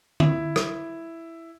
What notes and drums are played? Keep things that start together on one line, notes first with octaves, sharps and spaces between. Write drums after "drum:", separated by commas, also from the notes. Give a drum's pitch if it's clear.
E4, drum: tom D3
drum: rim click